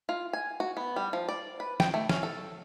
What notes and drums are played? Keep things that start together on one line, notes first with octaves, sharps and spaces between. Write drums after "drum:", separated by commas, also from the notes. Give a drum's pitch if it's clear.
F4
G#5
F#4
B3
G3
F3
D5
B4
G5, drum: snare F3
A3
C#4, drum: snare F3
A4